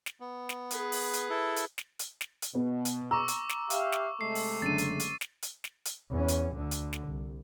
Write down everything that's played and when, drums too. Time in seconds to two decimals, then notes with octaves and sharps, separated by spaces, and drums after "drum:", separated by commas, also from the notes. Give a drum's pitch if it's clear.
0.06 drum: snare
0.20 B3
0.49 drum: snare
0.71 G#4 B4, drum: hi-hat
0.92 drum: open hi-hat
1.13 drum: hi-hat
1.30 E4 A4
1.56 drum: hi-hat
1.78 drum: snare
1.99 drum: hi-hat
2.21 drum: snare
2.42 drum: hi-hat
2.55 B2 B3
2.85 drum: hi-hat
3.11 A#5 C#6 D6 E6
3.28 drum: hi-hat
3.49 drum: snare
3.70 G4 E5 F5, drum: hi-hat
3.92 drum: snare
4.21 C3 G#3 A3 C7
4.35 drum: open hi-hat
4.62 F#1 D3 A6 D#7
4.78 drum: hi-hat
5.00 drum: hi-hat
5.21 drum: snare
5.42 drum: hi-hat
5.64 drum: snare
5.85 drum: hi-hat
6.11 E2 C#4
6.28 drum: hi-hat
6.56 D2 D3
6.71 drum: hi-hat
6.93 drum: snare
7.08 C2